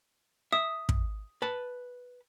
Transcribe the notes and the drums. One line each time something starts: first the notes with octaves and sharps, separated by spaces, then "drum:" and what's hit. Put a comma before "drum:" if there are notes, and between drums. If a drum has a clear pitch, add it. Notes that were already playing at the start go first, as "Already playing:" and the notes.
E5 D#6
drum: kick
B4 A5